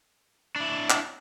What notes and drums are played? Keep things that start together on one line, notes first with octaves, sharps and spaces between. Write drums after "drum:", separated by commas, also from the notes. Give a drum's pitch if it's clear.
D4 E4
drum: clap